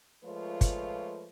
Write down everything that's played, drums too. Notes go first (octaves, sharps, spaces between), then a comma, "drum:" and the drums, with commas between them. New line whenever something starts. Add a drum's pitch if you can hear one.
F3 G#3 A3 F4 B4 C#5
drum: kick, hi-hat